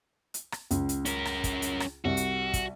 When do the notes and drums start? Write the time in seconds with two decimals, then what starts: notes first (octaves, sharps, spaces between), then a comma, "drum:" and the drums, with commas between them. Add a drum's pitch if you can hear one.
0.34 drum: hi-hat
0.52 drum: rim click
0.71 C#2, drum: hi-hat
0.89 drum: hi-hat
1.05 C#4 A#4, drum: hi-hat
1.25 drum: rim click
1.44 drum: kick, hi-hat
1.62 drum: hi-hat
1.80 drum: rim click
2.05 C2 F#4
2.17 drum: hi-hat
2.54 drum: kick, hi-hat